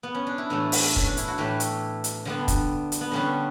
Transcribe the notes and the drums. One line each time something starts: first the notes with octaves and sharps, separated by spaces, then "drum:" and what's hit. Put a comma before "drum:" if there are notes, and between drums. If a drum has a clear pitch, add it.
B3
C#4
D4
E4
A2 E3 A3 F#4
drum: open hi-hat
C#4, drum: kick
D4
E4, drum: hi-hat
F#4
A2 E3 A3 G4
drum: hi-hat
drum: hi-hat
D3 G3 B3
drum: kick, hi-hat
drum: hi-hat
B3
D3 G3 B3 C#4